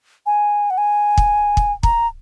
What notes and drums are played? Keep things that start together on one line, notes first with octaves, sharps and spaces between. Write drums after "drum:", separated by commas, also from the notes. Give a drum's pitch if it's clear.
G#5
F#5
G#5
drum: kick
drum: kick
A#5, drum: kick